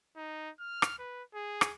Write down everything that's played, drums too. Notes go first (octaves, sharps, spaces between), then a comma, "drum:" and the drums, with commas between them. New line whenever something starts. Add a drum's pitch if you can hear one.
D#4
F6
drum: rim click
B4
G#4
drum: rim click